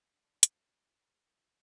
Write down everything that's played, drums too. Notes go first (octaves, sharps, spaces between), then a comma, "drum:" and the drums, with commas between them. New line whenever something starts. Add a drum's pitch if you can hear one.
D4
C5 D5 G5, drum: hi-hat
B4
E4